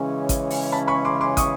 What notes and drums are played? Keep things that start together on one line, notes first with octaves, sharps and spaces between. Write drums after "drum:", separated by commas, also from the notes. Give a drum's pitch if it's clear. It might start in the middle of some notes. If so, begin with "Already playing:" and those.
Already playing: C#3 E3 G#3 C#4
drum: kick, hi-hat
drum: open hi-hat
A5 B5
B5 C#6
C6 D6
C6 D6
C#6 D#6, drum: kick, hi-hat